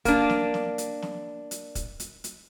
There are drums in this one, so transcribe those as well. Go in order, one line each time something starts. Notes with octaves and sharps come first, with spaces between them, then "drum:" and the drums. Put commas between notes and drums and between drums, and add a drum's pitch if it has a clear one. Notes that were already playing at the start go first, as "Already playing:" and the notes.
A#3 D4, drum: kick, hi-hat
drum: snare
drum: snare
drum: hi-hat
drum: snare
drum: hi-hat
drum: kick, hi-hat
drum: hi-hat
drum: hi-hat